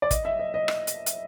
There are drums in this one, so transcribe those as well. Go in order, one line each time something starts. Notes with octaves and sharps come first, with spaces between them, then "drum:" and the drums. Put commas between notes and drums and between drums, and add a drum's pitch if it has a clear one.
D5
D#5, drum: kick, hi-hat
E5
D#5
D#5
drum: rim click
drum: hi-hat
drum: hi-hat